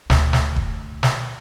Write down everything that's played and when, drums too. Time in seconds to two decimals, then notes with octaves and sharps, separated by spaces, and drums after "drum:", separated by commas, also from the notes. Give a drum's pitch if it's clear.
0.10 D2, drum: snare
0.33 drum: snare
0.56 drum: kick D#1
1.03 drum: snare